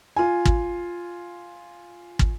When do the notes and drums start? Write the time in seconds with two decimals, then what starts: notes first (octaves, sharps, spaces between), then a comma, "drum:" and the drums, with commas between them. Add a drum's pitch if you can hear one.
0.16 F4 G#5
0.45 drum: kick
2.19 drum: kick